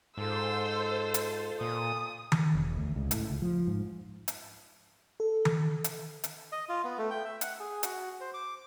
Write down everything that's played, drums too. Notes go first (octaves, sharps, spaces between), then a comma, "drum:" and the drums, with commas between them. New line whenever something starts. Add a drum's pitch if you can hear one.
G#2 F4 A4 C5 E6
drum: hi-hat
A#2 D#6
drum: tom D#3
E1
D2
C#2
A2, drum: hi-hat
C#2
F3
G#2
drum: hi-hat
A4
drum: tom D#3
drum: hi-hat
drum: hi-hat
D#5
F4
B3
A3
G5
E5
F#5, drum: hi-hat
G#4
F#4, drum: hi-hat
C5
D6